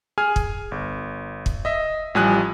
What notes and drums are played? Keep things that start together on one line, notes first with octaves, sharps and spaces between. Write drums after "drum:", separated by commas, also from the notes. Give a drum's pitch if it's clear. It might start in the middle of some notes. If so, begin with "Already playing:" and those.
G#4 G#5 F6
drum: kick
G1
drum: kick
D#5 E5
A1 F3 G3 G#5 D#6 F#6